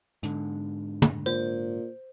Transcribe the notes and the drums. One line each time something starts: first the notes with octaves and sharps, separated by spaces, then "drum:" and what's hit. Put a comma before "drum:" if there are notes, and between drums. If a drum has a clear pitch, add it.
G#2 D3, drum: hi-hat
drum: tom
A#2 C5